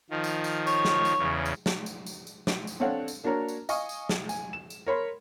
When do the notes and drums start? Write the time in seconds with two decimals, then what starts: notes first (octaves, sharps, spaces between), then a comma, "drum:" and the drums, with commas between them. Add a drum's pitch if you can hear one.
0.10 D#3 F3
0.24 drum: tambourine
0.44 drum: tambourine
0.67 C#5, drum: tambourine
0.85 drum: snare
1.05 drum: tambourine
1.18 E2 C#3
1.46 drum: tambourine
1.66 drum: snare
1.86 drum: tambourine
2.06 drum: tambourine
2.27 drum: tambourine
2.47 drum: snare
2.67 drum: tambourine
2.80 C4 D4 A4 C#5 F5 F#5
3.08 drum: tambourine
3.24 A#3 D4 F#4 A#4 C#5 A#5
3.49 drum: tambourine
3.69 D#5 F5 G#5 C#6 D#6, drum: tambourine
3.89 drum: tambourine
4.09 drum: snare
4.29 G#5, drum: tambourine
4.53 E7
4.70 drum: tambourine
4.86 A#4 C#5 B5 C6